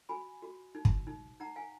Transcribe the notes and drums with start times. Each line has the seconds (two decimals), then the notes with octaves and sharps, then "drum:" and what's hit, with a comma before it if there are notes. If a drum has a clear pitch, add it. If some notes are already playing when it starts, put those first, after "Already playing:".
0.09 F#4 G#5 B5
0.42 F#4
0.75 D#4
0.85 drum: kick
1.07 D#4
1.40 D#4 F#5 A#5
1.56 F5 G#5